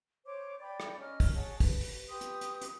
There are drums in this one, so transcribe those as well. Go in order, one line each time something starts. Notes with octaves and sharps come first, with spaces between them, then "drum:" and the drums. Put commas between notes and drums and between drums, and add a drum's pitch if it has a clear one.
C5 C#5 D6
D5 G5 B5 D6
drum: rim click
C#4 D#5 A#5 F6
drum: kick, open hi-hat
G#4 C#5 F#5 A5
B4, drum: kick, open hi-hat
drum: open hi-hat
G4 B4 C6 D#6
drum: hi-hat
drum: hi-hat
drum: hi-hat